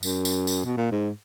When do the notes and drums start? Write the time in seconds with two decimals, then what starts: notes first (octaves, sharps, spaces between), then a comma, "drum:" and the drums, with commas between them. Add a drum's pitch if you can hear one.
0.03 F#2, drum: tambourine
0.25 drum: tambourine
0.47 drum: tambourine
0.65 B2
0.77 A#2
0.92 G#2